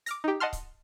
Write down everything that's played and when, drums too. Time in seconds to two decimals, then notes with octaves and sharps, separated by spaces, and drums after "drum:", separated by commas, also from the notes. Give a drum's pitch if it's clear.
0.06 D6 F6 A#6, drum: hi-hat
0.24 D#4 G4
0.40 D#5 F#5 A5 C6 F6
0.53 drum: kick C#1, hi-hat